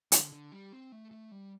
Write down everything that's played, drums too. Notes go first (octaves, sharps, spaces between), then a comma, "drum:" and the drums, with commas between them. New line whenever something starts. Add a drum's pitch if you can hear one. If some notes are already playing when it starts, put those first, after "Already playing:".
D3, drum: hi-hat
D3
G3
C4
A3
A3
G3